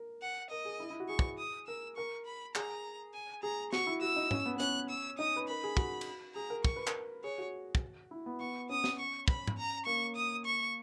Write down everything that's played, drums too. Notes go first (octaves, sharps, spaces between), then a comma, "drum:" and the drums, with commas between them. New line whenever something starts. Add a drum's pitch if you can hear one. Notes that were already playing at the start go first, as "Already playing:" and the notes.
Already playing: A#4
F#5
A#4 D#5
G#4
E4
E4
F#4
G#4 C#6
drum: kick
D#6
A#4 E6
A#4 C#6
B5
G#4 A#5, drum: clap
G#5
G#4 A#5
F#4 C#6, drum: snare
E4
F#4 E6
D#4
C#4, drum: tom G#2
B3
B3
C#4 F#6, drum: hi-hat
E6
D#4 D#6
B4
A#4 B5
G#4
F#4, drum: kick
drum: cymbal
G#4 A#5
A#4
A#4 C#6, drum: kick
B4
A#4, drum: clap
G#4 C#5
F#4
drum: kick
E4
B3
B3 C#6
C#4 D#6
drum: snare
C#6
B5, drum: kick
drum: tom G#2
A#5
A#3 C#6
D#6
C#6